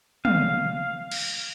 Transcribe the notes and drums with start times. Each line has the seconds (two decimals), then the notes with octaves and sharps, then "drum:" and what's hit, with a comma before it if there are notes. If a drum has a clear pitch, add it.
0.25 F5, drum: tom
1.11 drum: cymbal